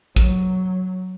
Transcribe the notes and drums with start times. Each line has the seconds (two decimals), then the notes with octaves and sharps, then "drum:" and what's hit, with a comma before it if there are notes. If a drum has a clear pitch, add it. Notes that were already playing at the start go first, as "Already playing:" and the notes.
0.16 F#3, drum: kick